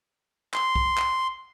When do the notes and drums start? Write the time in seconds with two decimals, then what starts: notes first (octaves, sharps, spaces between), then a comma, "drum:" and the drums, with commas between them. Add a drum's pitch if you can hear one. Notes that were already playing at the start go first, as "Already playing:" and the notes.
0.54 C6, drum: clap
0.76 drum: kick
0.97 drum: clap